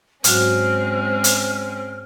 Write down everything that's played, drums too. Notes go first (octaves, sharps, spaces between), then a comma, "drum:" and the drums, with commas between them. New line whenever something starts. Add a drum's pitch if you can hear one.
G#2 F#3 G#3 C4 C#4 F#4 F6, drum: hi-hat
drum: hi-hat